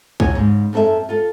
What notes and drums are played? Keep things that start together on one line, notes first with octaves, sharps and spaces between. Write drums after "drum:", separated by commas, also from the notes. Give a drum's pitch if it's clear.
F2 F#3 D#4 F#4 C#5 G#5, drum: kick
G#2 C#3
F#2 C4 A4 A#4 E5
F4 A4